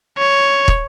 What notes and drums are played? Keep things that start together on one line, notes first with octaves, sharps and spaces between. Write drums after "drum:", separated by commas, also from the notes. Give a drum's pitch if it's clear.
C#5
drum: kick